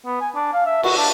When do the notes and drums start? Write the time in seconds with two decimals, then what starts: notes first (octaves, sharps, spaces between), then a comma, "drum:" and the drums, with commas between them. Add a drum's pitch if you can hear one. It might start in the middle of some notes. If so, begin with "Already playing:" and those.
0.06 B3
0.21 G#5
0.35 D4
0.54 F5
0.66 E5
0.83 F#4, drum: cymbal
0.97 D4